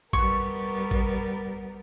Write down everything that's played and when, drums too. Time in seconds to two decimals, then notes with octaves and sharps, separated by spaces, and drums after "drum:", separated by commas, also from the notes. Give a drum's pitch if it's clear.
0.13 G3 B3 A#4 C#6, drum: kick A1
0.91 drum: kick A1